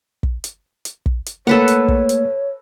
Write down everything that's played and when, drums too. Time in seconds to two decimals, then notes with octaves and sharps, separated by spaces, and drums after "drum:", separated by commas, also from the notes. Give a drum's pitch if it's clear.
0.23 drum: kick
0.44 drum: hi-hat
0.85 drum: hi-hat
1.06 drum: kick
1.26 drum: hi-hat
1.47 A3 A#3 A4 B4 C#5 F#5
1.68 drum: hi-hat
1.88 drum: kick
2.09 drum: hi-hat